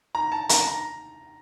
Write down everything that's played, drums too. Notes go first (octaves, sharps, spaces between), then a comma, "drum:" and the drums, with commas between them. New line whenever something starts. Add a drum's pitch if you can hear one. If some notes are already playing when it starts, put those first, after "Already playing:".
A#5
A5
A#5, drum: hi-hat
A#5